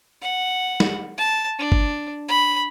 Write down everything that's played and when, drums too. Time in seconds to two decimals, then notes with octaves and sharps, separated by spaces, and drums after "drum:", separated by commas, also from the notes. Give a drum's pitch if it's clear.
0.22 F#5
0.80 drum: snare
1.18 A5
1.59 D4
1.72 drum: kick
2.28 B5